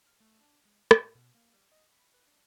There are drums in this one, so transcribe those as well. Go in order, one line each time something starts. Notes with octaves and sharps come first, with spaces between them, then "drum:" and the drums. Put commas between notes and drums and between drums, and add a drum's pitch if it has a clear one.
F6
A3
D4
G#3
A2, drum: rim click
B2
A#3
G3
D#5
B5
B4
D4